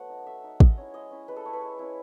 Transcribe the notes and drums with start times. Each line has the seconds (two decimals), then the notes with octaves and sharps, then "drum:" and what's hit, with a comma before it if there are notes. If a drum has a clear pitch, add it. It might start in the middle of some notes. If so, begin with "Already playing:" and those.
Already playing: F#3 A3 B3 F#5
0.09 D#4
0.26 A3 E5
0.44 D#4
0.60 G#3 D#5, drum: kick
0.77 C#4 E4 C#5
0.94 G#3 D#5
1.11 C#4 E4
1.28 G#3 B4
1.36 A4
1.45 C#4 E4 C#5
1.53 B4
1.62 G#3
1.79 C#4 E4